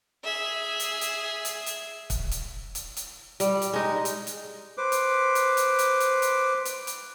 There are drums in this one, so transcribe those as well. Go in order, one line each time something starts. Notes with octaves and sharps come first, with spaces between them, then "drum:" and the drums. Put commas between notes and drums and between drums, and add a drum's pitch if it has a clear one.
G#4 E5
drum: hi-hat
drum: hi-hat
drum: hi-hat
drum: hi-hat
drum: kick, hi-hat
drum: hi-hat
drum: hi-hat
drum: hi-hat
G3, drum: hi-hat
drum: hi-hat
G#3 D#4
drum: hi-hat
drum: hi-hat
B4 C5 D6
drum: hi-hat
drum: hi-hat
drum: hi-hat
drum: hi-hat
drum: hi-hat
drum: hi-hat
drum: hi-hat
drum: hi-hat